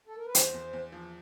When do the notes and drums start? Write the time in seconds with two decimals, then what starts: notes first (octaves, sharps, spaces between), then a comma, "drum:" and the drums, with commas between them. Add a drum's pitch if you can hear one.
0.07 A4
0.17 A#4
0.26 B4
0.35 E2 C5, drum: hi-hat
0.54 E2
0.73 E2
0.92 F3